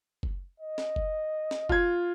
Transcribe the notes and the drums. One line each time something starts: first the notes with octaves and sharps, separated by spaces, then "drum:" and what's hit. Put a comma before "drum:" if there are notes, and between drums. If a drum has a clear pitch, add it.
drum: kick F#1
D#5
drum: snare
drum: kick F#1
drum: snare
F4 G#6, drum: kick F#1